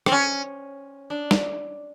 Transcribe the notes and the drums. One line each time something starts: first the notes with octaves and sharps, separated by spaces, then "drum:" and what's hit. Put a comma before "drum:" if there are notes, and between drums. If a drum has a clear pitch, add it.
C4, drum: rim click
C#4
D4
drum: snare